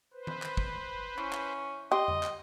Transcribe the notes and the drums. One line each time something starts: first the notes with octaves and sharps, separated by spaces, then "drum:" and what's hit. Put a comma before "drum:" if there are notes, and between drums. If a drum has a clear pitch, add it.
B4 C5
drum: tom D#3
drum: clap
drum: kick
E3 C#4
drum: clap
G4 D#5 C6
drum: tom F2
drum: clap